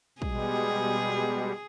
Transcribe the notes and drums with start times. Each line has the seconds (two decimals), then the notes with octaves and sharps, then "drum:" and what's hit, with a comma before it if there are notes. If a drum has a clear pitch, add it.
0.22 B2 G3 G#3 G#4, drum: kick